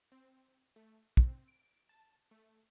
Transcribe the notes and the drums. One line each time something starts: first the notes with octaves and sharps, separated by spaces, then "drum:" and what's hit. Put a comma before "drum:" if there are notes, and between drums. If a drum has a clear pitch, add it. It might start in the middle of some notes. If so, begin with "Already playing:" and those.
C4
A3
C4, drum: kick
D7
A5
A3